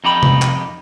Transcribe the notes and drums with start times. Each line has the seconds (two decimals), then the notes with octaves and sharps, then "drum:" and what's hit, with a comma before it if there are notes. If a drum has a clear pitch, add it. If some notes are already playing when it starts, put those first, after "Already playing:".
0.04 F2 D#4 G4 B5
0.23 drum: tom C3
0.42 drum: clap